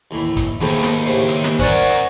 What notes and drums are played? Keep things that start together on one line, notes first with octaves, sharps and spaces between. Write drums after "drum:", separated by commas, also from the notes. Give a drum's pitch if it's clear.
D#2 A2 E3
drum: kick, hi-hat
D#2 G#2 A3 G4 B5
drum: snare
A2 C#3 C4 G4
drum: hi-hat
drum: snare
C#4 A#4 C5 D5 F#5 A6, drum: kick, hi-hat
drum: hi-hat